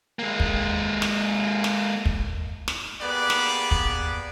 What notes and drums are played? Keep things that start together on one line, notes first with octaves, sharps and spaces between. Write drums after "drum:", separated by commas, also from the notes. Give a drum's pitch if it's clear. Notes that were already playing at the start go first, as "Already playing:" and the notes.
G#3 A#3
drum: kick
drum: snare
drum: snare
drum: kick
drum: snare
A#3 B3 G4 G#4 B4 D5
drum: snare
drum: kick